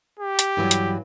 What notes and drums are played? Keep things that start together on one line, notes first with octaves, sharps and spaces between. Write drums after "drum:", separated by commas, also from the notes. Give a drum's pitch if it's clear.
G4
drum: hi-hat
G2 E3 F#3
drum: hi-hat